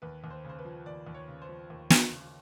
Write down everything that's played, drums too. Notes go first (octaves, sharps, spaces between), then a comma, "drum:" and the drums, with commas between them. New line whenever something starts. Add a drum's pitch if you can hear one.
D#2 B4
D#2
C5
C#3 C5
B4
F3
D#2 D5
D#2
C#5
C#3
C5
F3
D#2
D#2, drum: snare
C#3